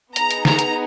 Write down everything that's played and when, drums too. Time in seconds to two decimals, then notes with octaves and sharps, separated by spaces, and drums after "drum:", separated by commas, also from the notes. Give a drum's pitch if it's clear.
0.16 B3 D#4 G#4 A#5, drum: hi-hat
0.31 drum: hi-hat
0.45 A#5, drum: snare
0.59 drum: hi-hat